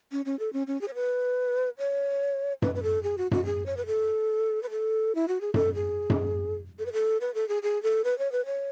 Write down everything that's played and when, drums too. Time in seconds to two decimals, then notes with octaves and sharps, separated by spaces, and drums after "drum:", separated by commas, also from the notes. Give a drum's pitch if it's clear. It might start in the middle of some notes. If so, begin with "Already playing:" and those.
0.12 C#4
0.26 C#4
0.39 A4
0.53 C#4
0.67 C#4
0.81 G#4
0.88 C#5
0.95 B4
1.78 C#5
2.62 B4, drum: tom F#2
2.75 B4
2.83 A4
3.03 G#4
3.18 F#4
3.31 F#4, drum: tom F#2
3.45 G#4
3.66 C#5
3.77 B4
3.87 A4
4.63 B4
4.70 A4
5.15 E4
5.28 F#4
5.41 G#4
5.54 A4, drum: tom F#2
5.75 G#4
6.10 drum: tom F#2
6.79 A4
6.86 B4
6.93 A4
7.21 B4
7.35 A4
7.49 G#4
7.63 G#4
7.83 A4
8.04 B4
8.19 C#5
8.32 B4
8.46 C#5